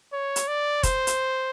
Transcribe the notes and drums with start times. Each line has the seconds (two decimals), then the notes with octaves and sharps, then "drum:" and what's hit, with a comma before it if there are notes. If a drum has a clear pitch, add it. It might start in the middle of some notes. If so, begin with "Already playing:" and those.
0.13 C#5
0.36 drum: hi-hat
0.48 D5
0.83 C5, drum: kick F1, hi-hat
1.07 drum: hi-hat